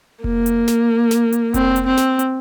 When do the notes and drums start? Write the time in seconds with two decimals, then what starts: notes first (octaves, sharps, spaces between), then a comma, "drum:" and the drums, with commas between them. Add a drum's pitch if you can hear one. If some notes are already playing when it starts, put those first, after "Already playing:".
0.24 A#3, drum: kick F1
0.46 drum: hi-hat
0.68 drum: snare
1.11 drum: snare
1.32 drum: hi-hat
1.54 C4, drum: kick F1, hi-hat
1.76 drum: hi-hat
1.86 C4
1.97 drum: snare
2.19 drum: hi-hat